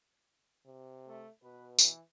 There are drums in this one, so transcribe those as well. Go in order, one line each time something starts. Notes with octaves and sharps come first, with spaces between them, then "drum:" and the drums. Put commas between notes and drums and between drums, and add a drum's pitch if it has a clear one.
C3
A3
B2 B4
E3, drum: tambourine